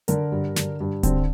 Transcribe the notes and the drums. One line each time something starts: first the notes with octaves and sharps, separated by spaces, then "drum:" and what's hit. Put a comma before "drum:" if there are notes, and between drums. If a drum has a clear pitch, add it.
D3 A#4, drum: hi-hat
G2
D3, drum: snare
G2
D3 C4, drum: kick D1, hi-hat